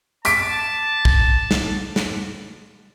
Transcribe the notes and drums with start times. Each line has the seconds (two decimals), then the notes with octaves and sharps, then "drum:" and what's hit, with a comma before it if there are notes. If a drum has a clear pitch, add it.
0.25 A5 D6 B6 D7, drum: hi-hat
1.05 drum: kick
1.51 drum: snare
1.96 drum: snare